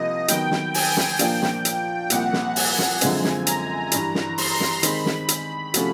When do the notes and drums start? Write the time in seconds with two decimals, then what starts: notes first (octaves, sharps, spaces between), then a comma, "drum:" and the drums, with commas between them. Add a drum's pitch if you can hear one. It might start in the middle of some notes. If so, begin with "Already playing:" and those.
Already playing: C2 C3 F3 A#3 D#5
0.28 D#3 F#3 B3 G5, drum: hi-hat
0.51 drum: snare
0.74 G#5, drum: open hi-hat
0.97 drum: snare
1.19 A#2 F3 A#3 D4 F4 G5, drum: hi-hat
1.42 drum: snare
1.65 drum: hi-hat
2.10 C2 A#2 F3 F#5, drum: hi-hat
2.33 drum: snare
2.56 G#5, drum: open hi-hat
2.79 drum: snare
3.01 F#2 D3 F3 G#3 C4, drum: hi-hat
3.24 drum: snare
3.47 A#5, drum: hi-hat
3.92 G2 E3 G3, drum: hi-hat
4.15 drum: snare
4.38 C6, drum: open hi-hat
4.60 drum: snare
4.83 D#3 G#3 C4 D#4 B5, drum: hi-hat
5.06 drum: snare
5.28 drum: hi-hat
5.74 C3 F3 A3 C#4 F#4, drum: hi-hat